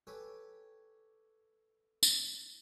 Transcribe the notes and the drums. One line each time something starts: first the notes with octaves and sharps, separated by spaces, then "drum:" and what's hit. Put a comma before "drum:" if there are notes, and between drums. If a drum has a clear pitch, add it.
G4 A4 B4 C#5 G5 G#5
drum: tambourine